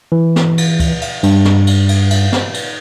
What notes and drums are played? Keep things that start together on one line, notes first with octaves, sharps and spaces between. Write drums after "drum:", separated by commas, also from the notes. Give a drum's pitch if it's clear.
E3
drum: snare
drum: cymbal
drum: kick C#2, cymbal
drum: cymbal
G2, drum: cymbal
drum: snare
drum: cymbal
drum: cymbal
drum: cymbal
drum: snare
drum: cymbal